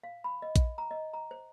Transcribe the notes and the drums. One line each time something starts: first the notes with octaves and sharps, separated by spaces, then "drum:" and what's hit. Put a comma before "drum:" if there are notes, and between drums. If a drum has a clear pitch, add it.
F5
B5
D#5
drum: kick A#1, hi-hat
A#5
D#5
A#5
C5